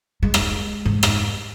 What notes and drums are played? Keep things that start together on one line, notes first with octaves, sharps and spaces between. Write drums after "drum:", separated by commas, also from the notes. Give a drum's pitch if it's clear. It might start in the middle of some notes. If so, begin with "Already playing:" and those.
G#3
drum: rim click
G#2
drum: rim click